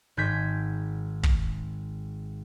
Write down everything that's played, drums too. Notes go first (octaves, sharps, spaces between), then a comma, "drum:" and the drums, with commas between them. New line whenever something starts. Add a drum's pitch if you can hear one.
G#1 G#2 G6 G#6 B6
drum: kick